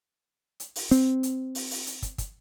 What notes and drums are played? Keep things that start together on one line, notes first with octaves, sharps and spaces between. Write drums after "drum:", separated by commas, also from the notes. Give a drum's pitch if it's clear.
drum: hi-hat
drum: open hi-hat
C4, drum: hi-hat
drum: hi-hat
drum: open hi-hat
drum: open hi-hat
drum: hi-hat
drum: kick, hi-hat
drum: kick, hi-hat